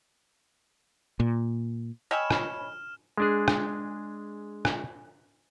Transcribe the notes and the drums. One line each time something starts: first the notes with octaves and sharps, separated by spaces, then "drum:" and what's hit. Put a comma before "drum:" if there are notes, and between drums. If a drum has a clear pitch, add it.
A#2
C#5 D#5 G5 G#5 B5 E6 F6 E7
drum: rim click
G#3 D4 G#4
drum: rim click
drum: rim click